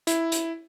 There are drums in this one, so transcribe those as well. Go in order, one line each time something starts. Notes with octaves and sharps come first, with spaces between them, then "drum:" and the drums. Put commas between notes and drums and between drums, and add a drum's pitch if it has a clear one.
E4, drum: hi-hat
drum: hi-hat